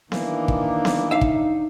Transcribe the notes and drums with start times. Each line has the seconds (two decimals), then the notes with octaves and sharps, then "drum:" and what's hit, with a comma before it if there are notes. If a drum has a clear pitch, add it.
0.12 D#3 E3 A#3 D4, drum: snare B3
0.48 drum: kick
0.85 drum: snare B3
1.11 D#4 E5 F5
1.21 drum: kick